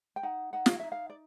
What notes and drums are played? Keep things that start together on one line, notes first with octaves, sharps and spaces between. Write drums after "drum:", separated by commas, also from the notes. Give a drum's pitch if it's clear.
G5
D#4 F#5
D#4 F#5
F5, drum: snare
D#4 E5
F5
D5